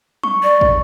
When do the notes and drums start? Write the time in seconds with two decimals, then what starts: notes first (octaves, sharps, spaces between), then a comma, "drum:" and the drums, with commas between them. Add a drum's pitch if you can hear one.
0.23 C#6, drum: tom F#3
0.43 D5
0.61 drum: kick